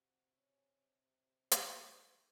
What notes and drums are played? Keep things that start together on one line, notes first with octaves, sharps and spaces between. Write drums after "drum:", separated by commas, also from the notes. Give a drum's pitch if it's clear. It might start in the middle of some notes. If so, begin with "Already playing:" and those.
Already playing: C3 F#4
C#4
drum: hi-hat
C#3
D#3